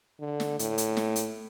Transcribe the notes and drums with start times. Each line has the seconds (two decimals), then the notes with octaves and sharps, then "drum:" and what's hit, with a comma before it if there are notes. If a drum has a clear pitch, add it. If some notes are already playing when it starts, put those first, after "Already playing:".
0.20 D3
0.40 drum: snare
0.59 A2, drum: hi-hat
0.78 drum: hi-hat
0.97 drum: snare
1.16 drum: hi-hat